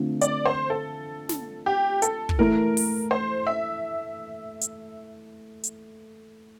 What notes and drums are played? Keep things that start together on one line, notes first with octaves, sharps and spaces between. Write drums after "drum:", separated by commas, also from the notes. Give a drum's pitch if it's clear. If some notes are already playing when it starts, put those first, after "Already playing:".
Already playing: D3 F3 A3 C4
D5, drum: hi-hat
C5
A4
drum: snare
G4
A4, drum: hi-hat
drum: kick
E3 A3 E4 A#4
drum: open hi-hat
C5
E5
drum: hi-hat
drum: hi-hat